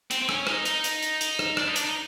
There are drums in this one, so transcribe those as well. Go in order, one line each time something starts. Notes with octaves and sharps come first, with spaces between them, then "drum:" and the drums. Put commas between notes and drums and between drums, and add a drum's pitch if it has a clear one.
C4, drum: hi-hat
C4
C#4, drum: rim click
D#4, drum: rim click
D#4, drum: hi-hat
drum: hi-hat
drum: hi-hat
drum: hi-hat
drum: rim click
D4, drum: rim click
D#4
D4, drum: hi-hat
D#4